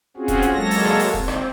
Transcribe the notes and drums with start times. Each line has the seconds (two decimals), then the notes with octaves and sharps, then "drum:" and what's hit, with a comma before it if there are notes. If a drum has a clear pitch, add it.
0.17 C4 C#4 F4 F#4 G#4
0.28 drum: kick D#1, hi-hat
0.42 drum: hi-hat
0.53 F#3 G#3 A#3 A4 C#5 A#6
0.71 drum: open hi-hat
0.85 drum: rim click
0.99 drum: open hi-hat
1.14 C4, drum: kick D#1
1.28 drum: rim click